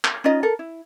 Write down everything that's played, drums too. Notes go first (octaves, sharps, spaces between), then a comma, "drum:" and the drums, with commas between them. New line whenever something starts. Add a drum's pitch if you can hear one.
drum: clap
C#4 D#4 F4 D#5
A4 A#4
E4